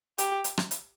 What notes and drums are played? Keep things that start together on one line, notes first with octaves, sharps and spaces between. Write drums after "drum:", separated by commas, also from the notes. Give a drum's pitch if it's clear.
G4, drum: hi-hat
drum: hi-hat
drum: rim click
drum: hi-hat